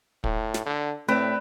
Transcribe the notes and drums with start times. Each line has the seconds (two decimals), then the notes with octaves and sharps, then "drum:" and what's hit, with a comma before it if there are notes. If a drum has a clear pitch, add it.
0.24 A2, drum: kick
0.54 drum: snare
0.66 D3
1.08 A2 A3 C4 B4 D5